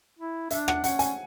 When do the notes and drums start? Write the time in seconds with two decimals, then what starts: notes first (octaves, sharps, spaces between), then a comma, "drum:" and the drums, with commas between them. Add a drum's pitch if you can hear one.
0.19 E4
0.50 D4 E5, drum: hi-hat
0.68 F#5, drum: rim click
0.84 C#4 F#5, drum: hi-hat
0.99 G#5, drum: hi-hat